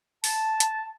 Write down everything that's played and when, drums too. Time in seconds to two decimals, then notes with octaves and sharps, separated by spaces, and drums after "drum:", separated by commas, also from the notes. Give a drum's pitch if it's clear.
0.24 A5, drum: open hi-hat
0.60 drum: hi-hat